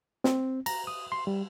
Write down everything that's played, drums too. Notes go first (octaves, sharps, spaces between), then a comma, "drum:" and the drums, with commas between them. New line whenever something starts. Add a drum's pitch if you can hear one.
C4, drum: snare
A#5, drum: cymbal
D#6
C6
G3